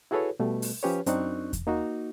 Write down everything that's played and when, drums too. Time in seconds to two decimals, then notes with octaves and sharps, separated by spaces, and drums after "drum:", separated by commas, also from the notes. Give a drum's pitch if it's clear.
0.11 E4 F#4 G#4 A4 B4 C#5
0.40 B2 G3 A3
0.62 drum: open hi-hat
0.83 F3 C#4 G4 B4 C#5
1.06 F#2 C4 D4 D#4 C#6 F#6, drum: hi-hat
1.53 drum: kick E2, hi-hat
1.67 A#3 D#4 F#4